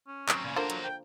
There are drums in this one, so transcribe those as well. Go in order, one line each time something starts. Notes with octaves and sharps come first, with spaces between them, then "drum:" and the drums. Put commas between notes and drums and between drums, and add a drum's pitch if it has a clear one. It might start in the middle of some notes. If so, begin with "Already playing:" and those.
C#4
F#3 C4, drum: clap
A#2 C#3
D3 F3 A#3 A#4 C5
F#3, drum: hi-hat
G5